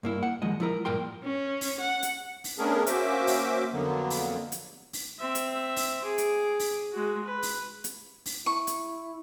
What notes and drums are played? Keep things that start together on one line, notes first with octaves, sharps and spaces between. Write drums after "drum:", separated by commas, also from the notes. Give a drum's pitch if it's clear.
G2 A#3 E4
F#5
D#2 F3 G#3 D#5
F3 E4 A#4
G2 A#2 A#4 G5 C6
C#4
drum: open hi-hat
F#5
drum: hi-hat
drum: open hi-hat
A3 B3 C#4 D4 G#4 A#4
A#3 C#4 F#4 C5 E5 D6, drum: hi-hat
drum: open hi-hat
F2 D3 F#3 A#3 B3
drum: open hi-hat
drum: hi-hat
drum: open hi-hat
C4 E5
drum: hi-hat
drum: open hi-hat
G#4 D6
drum: hi-hat
drum: open hi-hat
G#3 F#4
B4
drum: open hi-hat
drum: hi-hat
drum: open hi-hat
E4 C#6
drum: hi-hat